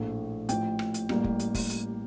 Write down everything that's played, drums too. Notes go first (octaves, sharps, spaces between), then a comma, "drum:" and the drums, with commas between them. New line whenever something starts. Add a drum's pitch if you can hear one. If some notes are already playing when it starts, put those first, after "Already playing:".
Already playing: A#1 A2 A3
A1 A2 F3 G5, drum: hi-hat
drum: rim click
drum: hi-hat
A1 A2 G3 A#3, drum: rim click
drum: kick F1
drum: hi-hat
drum: kick F1, open hi-hat
drum: hi-hat